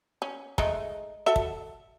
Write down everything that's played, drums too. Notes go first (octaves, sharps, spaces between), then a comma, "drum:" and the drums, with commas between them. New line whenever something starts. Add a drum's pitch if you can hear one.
C#4
G#3 A3 D#4, drum: kick
F#4 A4 E5
drum: kick